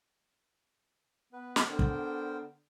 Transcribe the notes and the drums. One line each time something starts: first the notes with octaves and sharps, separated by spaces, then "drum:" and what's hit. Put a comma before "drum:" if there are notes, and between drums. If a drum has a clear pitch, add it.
B3 B4
drum: snare
D3 B3 A#4 C5 G5
drum: kick